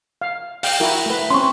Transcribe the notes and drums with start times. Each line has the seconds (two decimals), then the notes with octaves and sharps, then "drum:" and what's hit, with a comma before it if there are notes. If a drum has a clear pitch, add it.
0.21 F5
0.63 F5 G5, drum: open hi-hat
0.80 E4 F#4 A#4
1.06 A3 B4
1.31 C4 C#4 C6 C#6